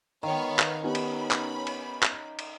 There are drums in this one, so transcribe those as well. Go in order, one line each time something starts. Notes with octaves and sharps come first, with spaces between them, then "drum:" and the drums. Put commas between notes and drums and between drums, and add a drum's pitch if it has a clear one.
D#3 B3 C#5 F5
drum: clap
B3 C#4 D#4 G4 B5
drum: cymbal
drum: clap
drum: cymbal
drum: clap
drum: cymbal